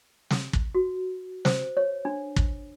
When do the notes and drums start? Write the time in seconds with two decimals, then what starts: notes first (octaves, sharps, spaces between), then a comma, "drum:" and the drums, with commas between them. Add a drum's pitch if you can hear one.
0.30 drum: snare
0.53 drum: kick
0.75 F#4
1.45 C5, drum: snare
1.77 C#5
2.05 D4
2.36 drum: kick